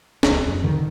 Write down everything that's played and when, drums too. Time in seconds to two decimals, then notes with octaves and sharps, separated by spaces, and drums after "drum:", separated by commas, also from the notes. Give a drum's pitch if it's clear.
0.23 D#1 C#2, drum: snare
0.47 F#2
0.62 E2 G#2 D3 D#3